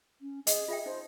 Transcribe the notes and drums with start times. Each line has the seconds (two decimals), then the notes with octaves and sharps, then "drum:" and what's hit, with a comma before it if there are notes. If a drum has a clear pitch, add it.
0.21 C#4
0.47 G#4 D#5, drum: hi-hat
0.68 F4 G#4 E5 G5
0.86 D#4 C5